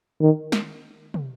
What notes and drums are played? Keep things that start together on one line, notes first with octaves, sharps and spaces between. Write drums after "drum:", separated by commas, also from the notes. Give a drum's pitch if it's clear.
D#3
drum: snare
drum: tom